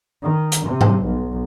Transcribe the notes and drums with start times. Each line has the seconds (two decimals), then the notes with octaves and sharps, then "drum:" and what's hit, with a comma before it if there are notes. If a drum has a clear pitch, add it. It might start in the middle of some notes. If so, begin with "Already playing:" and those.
0.23 D#3
0.52 drum: hi-hat
0.65 C3
0.81 drum: tom G#2
1.03 B1